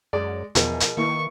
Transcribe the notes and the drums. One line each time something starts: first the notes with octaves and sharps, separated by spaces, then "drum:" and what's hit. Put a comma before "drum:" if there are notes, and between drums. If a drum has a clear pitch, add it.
F#2 G#3 D5
E2 B2 F3 G#4 A#4, drum: hi-hat
drum: hi-hat
D#3 A#3 E4 B4 C#6